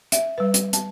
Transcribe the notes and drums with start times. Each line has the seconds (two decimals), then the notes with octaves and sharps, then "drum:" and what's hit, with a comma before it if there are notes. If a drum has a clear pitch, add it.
0.12 E5, drum: hi-hat
0.38 G3 B4
0.54 drum: hi-hat
0.73 A5, drum: hi-hat